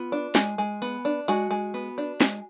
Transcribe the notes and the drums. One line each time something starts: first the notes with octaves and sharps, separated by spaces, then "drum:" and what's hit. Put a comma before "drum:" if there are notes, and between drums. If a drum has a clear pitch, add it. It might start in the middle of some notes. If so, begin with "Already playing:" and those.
Already playing: B3 F4
D4
G#3, drum: snare
G#3
B3
D4
G#3 F#4, drum: hi-hat
G#3
B3
D4
G#3, drum: snare